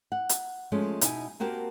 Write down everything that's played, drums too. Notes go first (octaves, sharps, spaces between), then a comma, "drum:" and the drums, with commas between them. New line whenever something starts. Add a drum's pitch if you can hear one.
F#5
drum: hi-hat
F3 G#3 A3 C#4
B2 D#4 E4 G#5, drum: hi-hat
A#3 C4 F#4 G4 A#4 A5